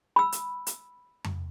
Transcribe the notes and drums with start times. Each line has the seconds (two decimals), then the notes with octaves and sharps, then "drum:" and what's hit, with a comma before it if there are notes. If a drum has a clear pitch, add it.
0.16 B5 E6
0.32 drum: hi-hat
0.67 drum: hi-hat
1.24 drum: tom F2